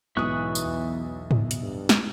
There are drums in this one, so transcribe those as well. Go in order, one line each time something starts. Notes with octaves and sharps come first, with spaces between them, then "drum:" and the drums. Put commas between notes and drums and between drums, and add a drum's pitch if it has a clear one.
B1 G#2 E3 E5 C#6 D#6 F#6
drum: tambourine
E2
drum: tom G#2
drum: hi-hat
G2
drum: snare